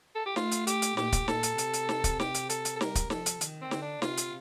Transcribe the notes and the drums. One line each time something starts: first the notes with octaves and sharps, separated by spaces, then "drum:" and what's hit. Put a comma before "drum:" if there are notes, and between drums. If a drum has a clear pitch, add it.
A4
G4
A3 F4, drum: snare
drum: hi-hat
G4, drum: hi-hat
drum: hi-hat
A#2 G4, drum: snare
drum: kick, hi-hat
A#2 A4, drum: snare
drum: hi-hat
C3, drum: hi-hat
drum: hi-hat
drum: snare
drum: kick, hi-hat
G4, drum: snare
drum: hi-hat
A4, drum: hi-hat
drum: hi-hat
A4
G3 A#4, drum: snare
drum: kick, hi-hat
F3 A4, drum: snare
drum: hi-hat
D#3, drum: hi-hat
C4
D3, drum: snare
D4
C3 F4, drum: snare
drum: hi-hat